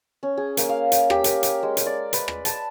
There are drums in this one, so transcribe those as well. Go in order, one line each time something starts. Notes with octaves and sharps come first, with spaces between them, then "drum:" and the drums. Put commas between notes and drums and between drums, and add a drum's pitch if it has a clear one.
C#4
G#4
A#3, drum: hi-hat
F5
drum: hi-hat
G4, drum: rim click
A#4, drum: hi-hat
drum: hi-hat
G#3
drum: hi-hat
D5
B4, drum: hi-hat
drum: rim click
A5, drum: hi-hat